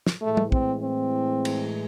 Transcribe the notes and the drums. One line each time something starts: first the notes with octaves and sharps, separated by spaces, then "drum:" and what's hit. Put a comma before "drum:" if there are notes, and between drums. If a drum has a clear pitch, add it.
drum: snare
A2 E3 G#3 A3
drum: tom
C4, drum: kick
C4
drum: cymbal